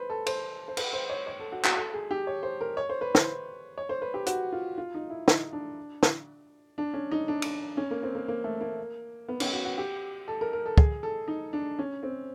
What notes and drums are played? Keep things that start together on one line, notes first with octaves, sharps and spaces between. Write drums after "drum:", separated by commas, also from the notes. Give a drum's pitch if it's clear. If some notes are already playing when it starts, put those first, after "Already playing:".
Already playing: B4 C5
A4
C5, drum: cymbal
C5
B4, drum: cymbal
C5
C#5
C#5
A4
F#4
F#4, drum: clap
A4
G#4
G4
C#5
C5
A#4
C#5
C5
B4
C5, drum: snare
C#5
C5
B4
G4
F#4, drum: hi-hat
F4
F4
D#4
E4
D#4, drum: snare
D4
drum: snare
D4
C#4
D#4
D4
drum: cymbal
C#4
A#3
C4
A#3
A#3
A3
A#3
B3
C#4, drum: cymbal
F#4
F#4
G4
A4
A#4
A#4
A4
G#4, drum: kick
A4
D#4
D4
C#4
C4